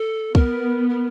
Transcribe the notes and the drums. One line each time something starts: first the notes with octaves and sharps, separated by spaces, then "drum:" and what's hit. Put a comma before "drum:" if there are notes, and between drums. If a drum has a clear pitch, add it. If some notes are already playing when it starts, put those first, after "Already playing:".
Already playing: A4
B3 A#4, drum: kick
A#4